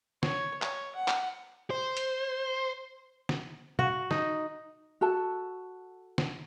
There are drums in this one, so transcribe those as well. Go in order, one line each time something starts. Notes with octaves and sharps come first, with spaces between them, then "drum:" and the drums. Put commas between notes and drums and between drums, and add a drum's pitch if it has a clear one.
C#5, drum: snare
C#5, drum: clap
F#5
drum: clap
C5
drum: hi-hat
drum: snare
F#4, drum: tom B2
D#4, drum: snare
F#4 A4 A5
drum: snare